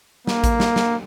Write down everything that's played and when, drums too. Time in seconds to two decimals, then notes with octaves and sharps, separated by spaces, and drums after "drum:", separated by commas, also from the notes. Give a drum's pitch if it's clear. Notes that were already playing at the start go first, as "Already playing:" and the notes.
0.27 A#3, drum: snare
0.44 drum: kick A1, hi-hat
0.60 drum: snare
0.76 drum: snare